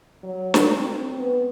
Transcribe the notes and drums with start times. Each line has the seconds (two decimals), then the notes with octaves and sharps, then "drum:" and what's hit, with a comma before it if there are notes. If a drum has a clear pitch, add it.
0.23 F#3
0.54 drum: snare
0.74 C4
1.17 B3